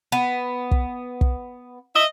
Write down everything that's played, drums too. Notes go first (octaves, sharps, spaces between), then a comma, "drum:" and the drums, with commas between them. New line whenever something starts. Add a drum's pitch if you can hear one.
B3
drum: kick
drum: kick
D#5 E5